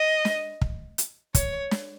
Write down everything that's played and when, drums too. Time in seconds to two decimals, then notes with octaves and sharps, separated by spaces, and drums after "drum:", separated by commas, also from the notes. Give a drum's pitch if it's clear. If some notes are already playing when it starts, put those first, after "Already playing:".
Already playing: D#5
0.25 drum: snare
0.61 drum: kick
0.98 drum: hi-hat
1.35 C#5, drum: kick, hi-hat
1.71 drum: snare